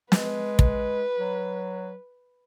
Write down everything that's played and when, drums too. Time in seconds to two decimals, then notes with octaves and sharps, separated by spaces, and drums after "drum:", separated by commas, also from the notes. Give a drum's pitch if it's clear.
0.12 G#3 B4, drum: snare
0.59 drum: kick
1.20 F#3